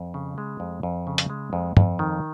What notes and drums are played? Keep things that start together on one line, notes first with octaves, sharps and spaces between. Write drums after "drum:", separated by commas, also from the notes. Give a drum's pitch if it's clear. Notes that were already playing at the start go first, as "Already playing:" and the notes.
Already playing: F2
C#3
G#3
F2
F2
C#3
drum: hi-hat
G#3
F2
F2, drum: tom
D#3